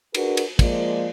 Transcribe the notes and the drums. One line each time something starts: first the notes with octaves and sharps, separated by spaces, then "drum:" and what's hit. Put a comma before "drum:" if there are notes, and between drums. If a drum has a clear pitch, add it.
D4 F#4 G#4 A#4 B4, drum: cymbal
drum: cymbal
F3 G#3 A#3 D5, drum: kick, cymbal